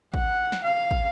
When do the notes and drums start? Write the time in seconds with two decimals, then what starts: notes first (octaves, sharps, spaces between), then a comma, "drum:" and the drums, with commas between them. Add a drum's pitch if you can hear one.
0.14 F#5, drum: kick
0.52 drum: snare
0.64 F5
0.91 drum: kick